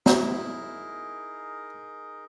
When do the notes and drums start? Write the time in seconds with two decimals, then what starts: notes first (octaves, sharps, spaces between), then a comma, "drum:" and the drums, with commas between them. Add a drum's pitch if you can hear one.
0.06 D#4 E4 G#4 A#4, drum: snare